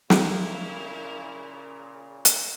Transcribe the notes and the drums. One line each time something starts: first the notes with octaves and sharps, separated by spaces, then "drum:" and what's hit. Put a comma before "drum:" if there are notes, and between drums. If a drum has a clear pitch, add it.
A#2 C#3 E4 A#4 F5, drum: snare
drum: hi-hat